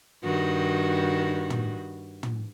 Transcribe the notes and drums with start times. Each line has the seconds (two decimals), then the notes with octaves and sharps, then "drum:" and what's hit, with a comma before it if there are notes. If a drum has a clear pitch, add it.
0.23 G2 D#3 F#4
1.50 drum: tom
2.23 drum: tom